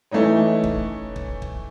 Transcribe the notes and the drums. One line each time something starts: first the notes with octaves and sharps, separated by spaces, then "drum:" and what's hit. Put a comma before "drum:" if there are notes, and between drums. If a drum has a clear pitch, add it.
E3 A3 C#4 D#4 C#5
drum: kick
drum: kick
drum: kick